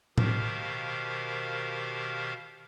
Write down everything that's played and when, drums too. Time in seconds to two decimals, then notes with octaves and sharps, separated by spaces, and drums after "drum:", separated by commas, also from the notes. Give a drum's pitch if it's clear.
0.18 B2 D#3 G4 A#4 C5 F5, drum: tom A2